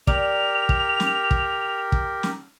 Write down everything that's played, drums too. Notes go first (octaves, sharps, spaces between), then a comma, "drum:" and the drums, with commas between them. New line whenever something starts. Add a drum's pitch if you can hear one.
G4 A#4 D5 F7, drum: kick
drum: kick
drum: snare
drum: kick
drum: kick
drum: snare